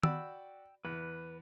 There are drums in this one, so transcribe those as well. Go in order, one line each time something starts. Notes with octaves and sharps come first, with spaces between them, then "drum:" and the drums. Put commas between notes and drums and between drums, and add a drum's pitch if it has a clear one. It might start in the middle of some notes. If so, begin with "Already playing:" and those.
F#4 D5 G5 B5 E6, drum: tom D#3
E2 B4